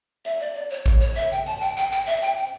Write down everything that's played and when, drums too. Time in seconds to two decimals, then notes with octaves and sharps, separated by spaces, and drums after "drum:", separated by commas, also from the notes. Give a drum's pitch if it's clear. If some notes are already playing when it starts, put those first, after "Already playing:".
0.25 E5, drum: hi-hat
0.40 D5
0.55 D5
0.70 C#5
0.86 drum: kick G#1, hi-hat
1.01 C#5
1.16 E5
1.31 G5
1.46 A5, drum: hi-hat
1.61 G5
1.77 G5
1.92 G5
2.06 E5, drum: hi-hat
2.22 G5
2.37 G5